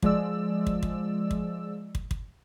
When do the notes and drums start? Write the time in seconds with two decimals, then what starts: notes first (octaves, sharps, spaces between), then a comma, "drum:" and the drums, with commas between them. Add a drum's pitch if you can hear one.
0.02 F3 G#3 D5 E6, drum: kick
0.67 drum: kick
0.83 drum: kick
1.31 drum: kick
1.95 drum: kick
2.11 drum: kick